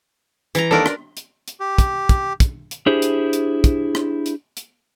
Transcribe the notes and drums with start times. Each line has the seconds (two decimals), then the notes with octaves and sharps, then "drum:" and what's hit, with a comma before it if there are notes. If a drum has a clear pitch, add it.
0.55 E3 A#5, drum: hi-hat
0.71 D#2 D4 A4 A#4 D5
0.86 drum: rim click
1.17 drum: hi-hat
1.48 drum: hi-hat
1.60 G4
1.78 drum: kick, hi-hat
2.09 drum: kick, hi-hat
2.40 drum: kick, hi-hat
2.71 drum: hi-hat
2.86 D4 E4 G4 G#4 C5
3.02 drum: hi-hat
3.33 drum: hi-hat
3.64 drum: kick, hi-hat
3.95 drum: rim click
4.26 drum: hi-hat
4.57 drum: hi-hat